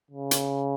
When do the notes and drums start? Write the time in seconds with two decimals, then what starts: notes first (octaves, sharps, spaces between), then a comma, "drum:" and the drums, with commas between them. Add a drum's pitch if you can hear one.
0.11 C#3
0.31 drum: hi-hat